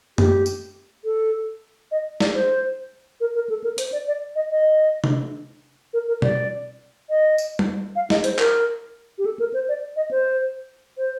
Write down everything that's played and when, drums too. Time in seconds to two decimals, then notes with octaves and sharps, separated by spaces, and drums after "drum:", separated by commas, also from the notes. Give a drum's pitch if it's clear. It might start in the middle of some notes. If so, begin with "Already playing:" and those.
0.18 G4, drum: tom F#2
0.46 drum: tambourine
1.05 A4
1.91 D#5
2.20 D5, drum: snare
2.34 C5
3.20 A#4
3.35 A#4
3.50 A4
3.64 A#4
3.78 C5, drum: hi-hat
3.92 D5
4.07 D5
4.36 D#5
4.50 D#5
5.04 drum: tom C3
5.93 A#4
6.08 A#4
6.22 D5, drum: tom B2
7.10 D#5
7.38 drum: tambourine
7.59 drum: tom G3
7.96 F5
8.10 D#5, drum: snare
8.24 C5, drum: hi-hat
8.39 A#4, drum: clap
9.18 G4
9.26 A4
9.39 A#4
9.54 C5
9.69 D5
9.96 D#5
10.11 C5
10.98 C5